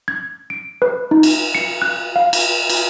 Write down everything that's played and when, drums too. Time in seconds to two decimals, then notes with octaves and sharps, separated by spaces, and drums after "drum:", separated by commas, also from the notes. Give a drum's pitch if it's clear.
0.08 G#6
0.50 D7
0.82 B4
1.11 D#4
1.23 drum: cymbal
1.55 C#7
1.82 F#6
2.16 F5
2.33 drum: cymbal
2.69 drum: cymbal